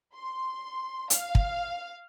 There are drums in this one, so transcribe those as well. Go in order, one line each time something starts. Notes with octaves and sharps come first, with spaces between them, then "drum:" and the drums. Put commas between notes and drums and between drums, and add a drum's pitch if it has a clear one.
C6
F5, drum: hi-hat
drum: kick